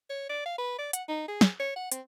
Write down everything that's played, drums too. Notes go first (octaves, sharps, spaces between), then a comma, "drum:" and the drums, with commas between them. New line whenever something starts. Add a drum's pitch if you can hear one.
C#5
D5
F5
B4
D5
F#5, drum: hi-hat
D#4
G#4
drum: snare
C#5
F#5
C4, drum: hi-hat